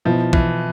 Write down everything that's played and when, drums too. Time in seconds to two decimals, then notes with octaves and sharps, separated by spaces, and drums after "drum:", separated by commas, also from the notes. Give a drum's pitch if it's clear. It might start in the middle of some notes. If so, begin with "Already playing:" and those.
0.05 B2 F3 B3 E4
0.33 E3, drum: kick